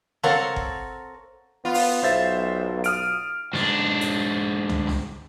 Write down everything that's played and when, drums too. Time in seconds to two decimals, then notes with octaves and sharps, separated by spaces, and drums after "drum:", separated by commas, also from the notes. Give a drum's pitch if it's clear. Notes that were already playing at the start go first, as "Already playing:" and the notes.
0.23 C4 A4 A#4 C#5 F5 F#5, drum: snare
0.56 drum: kick G1
1.65 B3 F4
1.74 drum: open hi-hat
2.03 B1 C5 E5 A6
2.84 D#6 F6 D7, drum: hi-hat
3.53 G#2 D4, drum: snare
4.01 drum: hi-hat
4.69 drum: tom
4.87 drum: snare